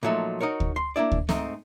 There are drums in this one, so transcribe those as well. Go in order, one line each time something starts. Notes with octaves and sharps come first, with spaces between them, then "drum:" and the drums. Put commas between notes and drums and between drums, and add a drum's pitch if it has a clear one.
A#2 F3 F#3 A3 D#4
D#4 F#4 A#4 C#5
drum: kick D2
C6
A#3 D4 E4 D5
drum: kick D2
G#2 A3 C4 D#4, drum: snare